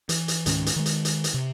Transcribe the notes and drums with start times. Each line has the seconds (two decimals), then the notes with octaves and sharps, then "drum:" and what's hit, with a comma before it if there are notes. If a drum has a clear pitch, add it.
0.09 E3, drum: hi-hat
0.28 drum: hi-hat
0.46 C#2 G#2 D#3 C#4, drum: hi-hat
0.66 drum: hi-hat
0.76 D#3 G#3
0.86 drum: hi-hat
1.05 drum: hi-hat
1.24 drum: hi-hat
1.34 C3